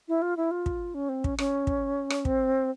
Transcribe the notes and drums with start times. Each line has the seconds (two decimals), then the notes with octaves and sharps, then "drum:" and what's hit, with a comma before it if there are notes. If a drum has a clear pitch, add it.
0.08 E4
0.22 F4
0.37 E4
0.51 F4
0.66 drum: kick
0.94 C#4
1.09 C4
1.24 C#4, drum: kick
1.39 C#4, drum: rim click
1.67 drum: kick
2.10 drum: rim click
2.25 C4, drum: kick